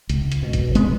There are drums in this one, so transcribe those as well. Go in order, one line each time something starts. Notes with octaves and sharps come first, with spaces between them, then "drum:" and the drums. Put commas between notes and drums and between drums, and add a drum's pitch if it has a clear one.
C#2, drum: hi-hat
drum: hi-hat
B2
drum: kick G1, hi-hat
G#3 B3, drum: hi-hat